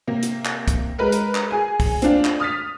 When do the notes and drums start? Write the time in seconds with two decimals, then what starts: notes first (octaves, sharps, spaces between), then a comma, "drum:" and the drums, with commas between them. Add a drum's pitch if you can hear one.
0.08 C3 A#3
0.23 drum: hi-hat
0.45 drum: clap
0.68 drum: kick, hi-hat
0.99 G#3 A#4 B4
1.12 drum: hi-hat
1.35 drum: clap
1.51 G#4 G#5
1.80 drum: kick, open hi-hat
2.02 C4 D4 F4, drum: hi-hat
2.25 drum: clap
2.40 D#6 F6 A6 B6